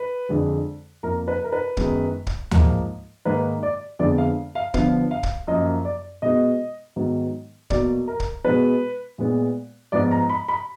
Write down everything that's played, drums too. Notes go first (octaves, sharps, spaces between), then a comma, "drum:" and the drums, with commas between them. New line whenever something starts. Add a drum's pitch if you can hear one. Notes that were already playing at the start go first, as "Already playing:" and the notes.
Already playing: B4
F2 D3 G#3
F2 F3 A#3 A#4
B4
A#4
B4
F#2 D#3 G#3 B3, drum: kick
drum: kick
G#2 F3 A#3, drum: tom D2
G#2 D#3 A#3 B4
D5
F2 D3 G#3 B3 D5
F5
F5
D3 F3 B3 F5, drum: kick
F5
drum: kick
F#2 F3 A#3 D#5
D5
B2 G#3 B3 D#5
G#2 D#3 F#3 B3
B2 F#3 A#3 D5, drum: kick
A#4
drum: kick
B2 G#3 B3 B4
A#2 G#3 B3
G#2 F3 B3 D5
A#5
B5
B5